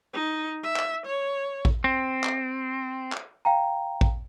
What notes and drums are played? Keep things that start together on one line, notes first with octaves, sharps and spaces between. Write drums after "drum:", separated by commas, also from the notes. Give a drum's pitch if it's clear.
D#4
E5
drum: clap
C#5
drum: kick A1
C4
drum: clap
drum: clap
F5 G5 A#5
drum: kick A1